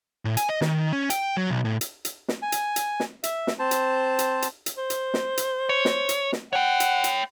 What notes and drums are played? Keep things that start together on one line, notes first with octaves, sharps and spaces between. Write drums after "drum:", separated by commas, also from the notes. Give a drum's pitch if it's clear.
A2
G#5, drum: hi-hat
D#5
D#3, drum: snare
C#4
G5, drum: hi-hat
F#3
B1
A2
drum: hi-hat
drum: hi-hat
drum: snare
G#5
drum: hi-hat
drum: hi-hat
drum: snare
E5, drum: hi-hat
drum: snare
C4 C5 A5
drum: hi-hat
drum: hi-hat
drum: hi-hat
drum: hi-hat
C5
drum: hi-hat
drum: snare
drum: hi-hat
C#5
drum: snare
drum: hi-hat
drum: snare
C#5 F#5 G5
drum: hi-hat
drum: hi-hat